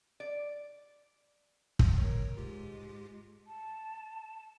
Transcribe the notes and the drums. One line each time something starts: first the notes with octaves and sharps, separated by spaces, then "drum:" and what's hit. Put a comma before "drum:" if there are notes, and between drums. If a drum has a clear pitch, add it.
D5
drum: kick
A#4 C#5
G#2 G#3 F4 G4
A5